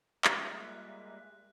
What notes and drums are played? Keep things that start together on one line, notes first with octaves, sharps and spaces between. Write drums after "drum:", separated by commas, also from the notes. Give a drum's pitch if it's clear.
G3 G#3 A#3 F4 E5 F#6, drum: clap